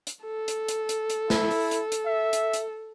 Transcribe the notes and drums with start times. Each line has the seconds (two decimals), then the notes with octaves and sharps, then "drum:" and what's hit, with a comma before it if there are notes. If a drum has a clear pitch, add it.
0.07 drum: hi-hat
0.24 A4
0.48 drum: hi-hat
0.68 drum: hi-hat
0.89 drum: hi-hat
1.10 drum: hi-hat
1.30 E4, drum: snare
1.51 drum: open hi-hat
1.71 drum: hi-hat
1.92 drum: hi-hat
2.06 E5
2.33 drum: hi-hat
2.53 drum: hi-hat